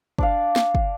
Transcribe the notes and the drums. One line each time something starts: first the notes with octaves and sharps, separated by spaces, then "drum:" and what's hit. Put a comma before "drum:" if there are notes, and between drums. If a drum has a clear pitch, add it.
D4 D5 F5, drum: kick
drum: snare
drum: kick